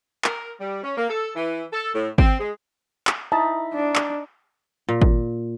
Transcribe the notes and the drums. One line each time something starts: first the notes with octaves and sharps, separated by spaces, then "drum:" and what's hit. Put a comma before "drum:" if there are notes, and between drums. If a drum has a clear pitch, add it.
A#4, drum: clap
G3
C#4
A#3
A4
E3
A4
A2
C4, drum: kick G#1
G#3
drum: clap
D#4 E4 E5 A5
D4
drum: clap
A#2
drum: kick G#1